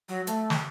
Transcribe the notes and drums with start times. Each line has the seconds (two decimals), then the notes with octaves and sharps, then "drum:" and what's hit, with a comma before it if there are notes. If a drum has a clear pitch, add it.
0.09 F#3
0.27 A3, drum: hi-hat
0.50 drum: snare